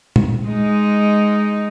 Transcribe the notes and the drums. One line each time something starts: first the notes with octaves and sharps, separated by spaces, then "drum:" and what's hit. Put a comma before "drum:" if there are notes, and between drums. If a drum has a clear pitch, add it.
drum: tom A#2
G#3 D#4